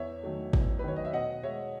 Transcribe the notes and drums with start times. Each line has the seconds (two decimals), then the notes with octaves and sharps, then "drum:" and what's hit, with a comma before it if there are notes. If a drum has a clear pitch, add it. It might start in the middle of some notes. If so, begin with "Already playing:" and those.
Already playing: E2 C#5 E5
0.23 D#3 F#3 A3
0.53 E2, drum: kick G#1
0.79 B4
0.84 D#3 F#3 A3 C#5
0.96 D#5
1.05 E5
1.13 B2 D#5 F#5
1.43 G#3 C#5 E5